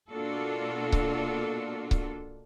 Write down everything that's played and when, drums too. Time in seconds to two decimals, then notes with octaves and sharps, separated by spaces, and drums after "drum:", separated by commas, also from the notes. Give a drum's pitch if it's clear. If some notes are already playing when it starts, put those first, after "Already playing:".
0.10 B2 A#3 D4 F4 F#4 A4
0.92 drum: kick C#1
1.91 drum: kick C#1